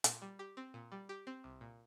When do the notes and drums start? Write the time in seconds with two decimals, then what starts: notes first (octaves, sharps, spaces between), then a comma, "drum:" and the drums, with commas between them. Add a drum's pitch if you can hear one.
0.04 A#2, drum: hi-hat
0.22 G3
0.39 G4
0.57 C4
0.74 A#2
0.92 G3
1.09 G4
1.27 C4
1.44 C2
1.61 A#2